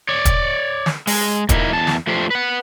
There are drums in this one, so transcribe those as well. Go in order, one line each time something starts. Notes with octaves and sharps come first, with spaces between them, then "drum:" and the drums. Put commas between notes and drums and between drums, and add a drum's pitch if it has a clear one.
C#5 D5
drum: kick, hi-hat
drum: snare
G#3, drum: open hi-hat
A#2 A#3 D#4 E4, drum: kick, hi-hat
E2 A5
drum: snare
F3 A3 D4 F4 G4 C5
B4 F#5